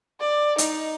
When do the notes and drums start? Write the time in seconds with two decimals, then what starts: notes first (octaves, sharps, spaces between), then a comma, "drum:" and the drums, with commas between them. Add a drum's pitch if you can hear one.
0.20 D5
0.58 D#4, drum: hi-hat